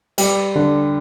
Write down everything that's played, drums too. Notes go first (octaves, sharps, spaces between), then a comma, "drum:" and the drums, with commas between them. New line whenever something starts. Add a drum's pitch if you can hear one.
G3, drum: cymbal
D3